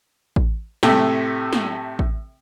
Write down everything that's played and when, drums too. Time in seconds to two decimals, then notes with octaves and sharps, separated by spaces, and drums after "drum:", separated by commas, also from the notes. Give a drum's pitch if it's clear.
0.36 drum: kick A1
0.83 A2 C3 A3, drum: snare
1.53 drum: snare
1.99 drum: kick A1